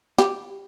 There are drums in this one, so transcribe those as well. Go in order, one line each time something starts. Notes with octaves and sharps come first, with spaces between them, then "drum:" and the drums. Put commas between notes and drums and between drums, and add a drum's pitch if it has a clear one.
G4, drum: snare